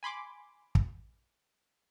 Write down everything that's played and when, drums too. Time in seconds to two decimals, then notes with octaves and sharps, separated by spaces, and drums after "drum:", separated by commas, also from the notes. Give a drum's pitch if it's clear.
0.03 G#5 B5 C6 D6
0.75 drum: kick